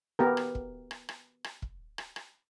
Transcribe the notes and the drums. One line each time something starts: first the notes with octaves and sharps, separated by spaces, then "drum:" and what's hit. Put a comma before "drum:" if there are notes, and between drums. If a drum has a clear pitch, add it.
B3 G4 A#4
drum: rim click
drum: kick
drum: rim click
drum: rim click
drum: rim click
drum: kick
drum: rim click
drum: rim click